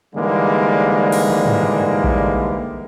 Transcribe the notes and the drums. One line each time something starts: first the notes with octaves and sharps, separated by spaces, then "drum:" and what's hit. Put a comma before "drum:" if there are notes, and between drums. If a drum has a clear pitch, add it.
G#2 D3 E3 G3 G#3 A#3
drum: cymbal
drum: tom
drum: tom
drum: kick A#1